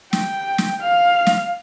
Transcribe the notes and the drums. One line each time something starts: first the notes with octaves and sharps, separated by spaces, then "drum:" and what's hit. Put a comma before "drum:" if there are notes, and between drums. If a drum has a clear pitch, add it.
G5, drum: snare
drum: snare
F5
drum: snare